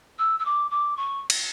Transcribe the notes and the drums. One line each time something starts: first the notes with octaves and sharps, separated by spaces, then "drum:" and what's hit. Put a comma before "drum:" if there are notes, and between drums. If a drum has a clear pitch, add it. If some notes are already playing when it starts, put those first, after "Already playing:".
E6
E6
D6
D6
C#6
drum: cymbal